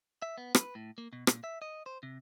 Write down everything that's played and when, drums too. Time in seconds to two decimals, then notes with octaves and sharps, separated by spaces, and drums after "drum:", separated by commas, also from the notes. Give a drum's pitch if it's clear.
0.22 E5
0.38 B3
0.55 B4, drum: rim click
0.75 A2
0.98 A#3
1.13 B2
1.27 A#2, drum: rim click
1.44 E5
1.62 D#5
1.86 C5
2.03 C3